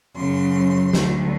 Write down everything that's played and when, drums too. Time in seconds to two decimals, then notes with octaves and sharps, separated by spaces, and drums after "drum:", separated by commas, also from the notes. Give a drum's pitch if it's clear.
0.16 F#2 C#3 F#3 C6
0.93 D2 D3 F#3, drum: snare